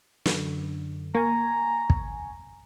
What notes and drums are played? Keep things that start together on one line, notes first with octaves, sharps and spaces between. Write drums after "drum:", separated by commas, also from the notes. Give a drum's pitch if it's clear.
F#2 D3, drum: snare
A#3 G#5 A#5 C#6
drum: kick